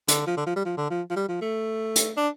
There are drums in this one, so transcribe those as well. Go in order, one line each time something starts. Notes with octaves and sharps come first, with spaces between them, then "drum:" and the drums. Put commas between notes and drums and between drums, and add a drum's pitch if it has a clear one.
D3, drum: hi-hat
F3
D3
F3
G3
F3
D3
F3
F3
G3
F3
A3
drum: hi-hat
D4